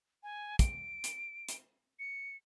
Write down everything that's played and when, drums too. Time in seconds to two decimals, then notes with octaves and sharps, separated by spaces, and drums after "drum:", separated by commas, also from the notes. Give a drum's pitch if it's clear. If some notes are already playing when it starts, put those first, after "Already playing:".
0.23 G#5
0.59 D7, drum: kick, hi-hat
1.04 drum: hi-hat
1.49 drum: hi-hat
1.99 C#7